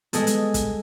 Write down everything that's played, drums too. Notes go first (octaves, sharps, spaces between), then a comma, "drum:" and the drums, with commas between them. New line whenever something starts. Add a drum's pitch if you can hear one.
G3 G#3 B3 G#4 A4, drum: hi-hat
drum: hi-hat
drum: kick, hi-hat